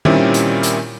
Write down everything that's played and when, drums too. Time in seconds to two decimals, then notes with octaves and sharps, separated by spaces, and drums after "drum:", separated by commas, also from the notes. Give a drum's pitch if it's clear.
0.05 A#2 D#3 G3 C4 C#4 E4, drum: tom D#3
0.34 drum: hi-hat
0.63 drum: hi-hat